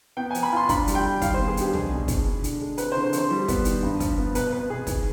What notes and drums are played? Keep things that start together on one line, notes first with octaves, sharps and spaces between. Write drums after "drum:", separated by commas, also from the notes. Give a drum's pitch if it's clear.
B3 G5
G#5
F3, drum: hi-hat
B5
F4 C6
D4 B5, drum: kick, hi-hat
G3, drum: hi-hat
G5
G3
D#3 F5, drum: kick, hi-hat
C5
B3
G#4
D4 G4, drum: hi-hat
B2 G#4, drum: tom
B2
D4, drum: kick, hi-hat
D4
D3, drum: hi-hat
G#3
C4 B4, drum: hi-hat
C5
D3
C5
F3, drum: hi-hat
C5
G3
B3, drum: kick, hi-hat
D#3, drum: hi-hat
G2
F3, drum: kick, hi-hat
B3
B2 B4, drum: hi-hat
C4 B4
B2 G#4
D#3, drum: kick, hi-hat